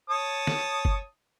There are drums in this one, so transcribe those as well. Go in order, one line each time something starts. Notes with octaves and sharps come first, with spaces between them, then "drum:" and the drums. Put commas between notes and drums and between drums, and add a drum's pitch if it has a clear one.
C#5 A5 D#6
drum: snare
drum: kick F#1